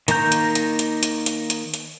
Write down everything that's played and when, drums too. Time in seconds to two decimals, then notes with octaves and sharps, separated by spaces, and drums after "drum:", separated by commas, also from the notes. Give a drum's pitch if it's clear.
0.08 D#3 A#3 A#4 A#5 G6, drum: hi-hat
0.32 drum: hi-hat
0.55 drum: hi-hat
0.79 drum: hi-hat
1.03 drum: hi-hat
1.26 drum: hi-hat
1.50 drum: hi-hat
1.74 drum: hi-hat